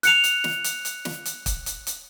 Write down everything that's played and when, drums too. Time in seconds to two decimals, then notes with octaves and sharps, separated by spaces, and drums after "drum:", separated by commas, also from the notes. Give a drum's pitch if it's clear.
0.03 F#6 C#7 F7, drum: hi-hat
0.24 drum: hi-hat
0.44 drum: snare
0.64 drum: hi-hat
0.85 drum: hi-hat
1.05 drum: snare
1.25 drum: hi-hat
1.46 drum: kick, hi-hat
1.66 drum: hi-hat
1.87 drum: hi-hat